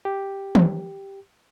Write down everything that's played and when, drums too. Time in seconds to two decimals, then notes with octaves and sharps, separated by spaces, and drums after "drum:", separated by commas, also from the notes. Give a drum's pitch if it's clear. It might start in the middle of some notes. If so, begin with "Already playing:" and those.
0.05 G4
0.55 drum: tom